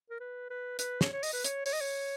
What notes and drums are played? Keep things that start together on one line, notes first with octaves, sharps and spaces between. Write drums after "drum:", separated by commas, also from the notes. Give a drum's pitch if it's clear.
A#4
B4
B4
B4, drum: hi-hat
C#5, drum: snare
C#5
D#5, drum: open hi-hat
B4
C#5, drum: hi-hat
C#5, drum: open hi-hat
D#5
C#5